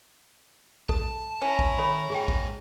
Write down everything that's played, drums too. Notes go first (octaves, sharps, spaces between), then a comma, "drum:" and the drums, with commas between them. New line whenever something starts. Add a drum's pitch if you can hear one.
A4 A5, drum: kick A#1
C#4 E4 A#5
drum: kick A#1
D#3 A4 C#5 B5
G#2 A#3 G#4 G5 G#5
drum: kick A#1